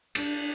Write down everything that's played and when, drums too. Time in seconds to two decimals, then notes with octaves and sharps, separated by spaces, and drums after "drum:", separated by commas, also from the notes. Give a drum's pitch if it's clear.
0.15 D4, drum: cymbal